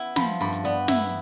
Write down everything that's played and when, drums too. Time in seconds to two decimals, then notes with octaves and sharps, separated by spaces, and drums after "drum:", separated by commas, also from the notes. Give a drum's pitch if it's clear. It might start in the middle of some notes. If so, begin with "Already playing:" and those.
Already playing: B3 E4
0.16 F3 B5, drum: snare
0.41 G2 B5
0.52 drum: hi-hat
0.64 B3 D5
0.88 E4 E5, drum: snare
1.06 drum: hi-hat